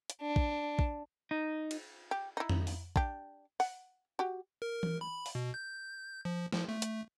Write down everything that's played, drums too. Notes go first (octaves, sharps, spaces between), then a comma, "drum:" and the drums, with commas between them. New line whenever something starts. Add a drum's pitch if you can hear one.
drum: hi-hat
D4
drum: kick
drum: kick
D#4
drum: cymbal
G4
D#4 E4
drum: tom F2
drum: open hi-hat
D4 G4, drum: kick
F#5, drum: open hi-hat
F#4 G4
A#4
drum: tom E3
B5
drum: open hi-hat
B2
G6
F3
F3, drum: snare
A3
drum: hi-hat